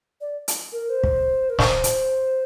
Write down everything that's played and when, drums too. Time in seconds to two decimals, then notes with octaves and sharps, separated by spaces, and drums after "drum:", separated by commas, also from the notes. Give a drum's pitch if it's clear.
0.21 D5
0.48 drum: hi-hat
0.72 A#4
0.89 C5
1.04 drum: kick
1.50 A#4
1.59 C5, drum: snare
1.84 drum: hi-hat